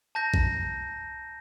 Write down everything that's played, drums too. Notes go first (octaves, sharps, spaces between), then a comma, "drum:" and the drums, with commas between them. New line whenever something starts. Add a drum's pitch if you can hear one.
A5 A#5 G6 A#6
drum: kick A#1